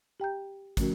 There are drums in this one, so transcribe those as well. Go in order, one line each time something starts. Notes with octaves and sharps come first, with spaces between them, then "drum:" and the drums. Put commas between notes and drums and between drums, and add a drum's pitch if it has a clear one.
G4 G5 A#5 G6
D3 F3 A3 C#4 F#4 A#4, drum: kick, hi-hat